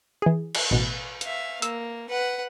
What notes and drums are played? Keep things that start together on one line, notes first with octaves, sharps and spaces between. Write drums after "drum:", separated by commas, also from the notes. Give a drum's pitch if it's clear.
E3 G#4
drum: cymbal
A1 B2
E5 F5, drum: hi-hat
A#3 E6, drum: hi-hat
B4 F#5